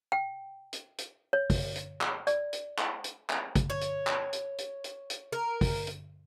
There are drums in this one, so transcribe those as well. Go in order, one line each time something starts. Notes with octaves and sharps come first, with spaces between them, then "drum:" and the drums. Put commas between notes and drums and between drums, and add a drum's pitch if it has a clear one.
G5
drum: hi-hat
drum: hi-hat
C#5
drum: kick, open hi-hat
drum: hi-hat
drum: clap
D5, drum: hi-hat
drum: hi-hat
drum: clap
drum: hi-hat
drum: clap
drum: kick, hi-hat
C#5
drum: hi-hat
drum: clap
drum: hi-hat
drum: hi-hat
drum: hi-hat
drum: hi-hat
A#4
drum: kick, open hi-hat
drum: hi-hat